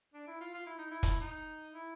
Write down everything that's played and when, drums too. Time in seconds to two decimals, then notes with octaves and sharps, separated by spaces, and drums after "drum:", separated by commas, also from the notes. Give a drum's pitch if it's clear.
0.14 D4
0.27 E4
0.41 F4
0.54 F4
0.66 E4
0.79 D#4
0.91 E4
1.03 drum: kick, hi-hat
1.21 D#4
1.74 E4